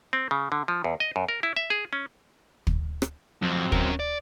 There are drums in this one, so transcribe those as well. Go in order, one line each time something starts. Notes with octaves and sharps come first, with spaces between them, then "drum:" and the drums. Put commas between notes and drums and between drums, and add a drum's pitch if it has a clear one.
C4
C#3
D3
F3
E2
D#5
F#2
A#4
E4
E5
G#4
C#4
drum: kick
drum: rim click
F2 F#3 C4
C#4 A#4, drum: kick
D5